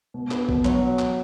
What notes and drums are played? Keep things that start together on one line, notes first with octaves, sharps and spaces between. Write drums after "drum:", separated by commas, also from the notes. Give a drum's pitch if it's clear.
B2
B3, drum: clap
B2, drum: kick
F#3, drum: clap
drum: clap